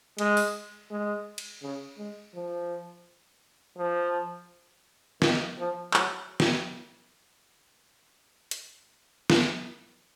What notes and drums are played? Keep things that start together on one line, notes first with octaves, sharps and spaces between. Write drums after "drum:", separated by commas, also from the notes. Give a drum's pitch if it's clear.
G#3, drum: cymbal
drum: open hi-hat
G#3
drum: cymbal
C#3
G#3
F3
F3
D#3, drum: snare
F3
F#3, drum: clap
drum: snare
drum: hi-hat
drum: snare